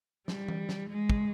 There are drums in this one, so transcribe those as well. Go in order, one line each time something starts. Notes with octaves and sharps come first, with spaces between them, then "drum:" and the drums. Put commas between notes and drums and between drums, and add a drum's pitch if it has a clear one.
G3, drum: snare
drum: tom E3
drum: snare
G#3
drum: kick